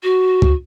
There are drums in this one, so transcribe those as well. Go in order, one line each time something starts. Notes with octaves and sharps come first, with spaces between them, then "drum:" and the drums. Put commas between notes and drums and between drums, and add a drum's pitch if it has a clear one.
F#4
drum: kick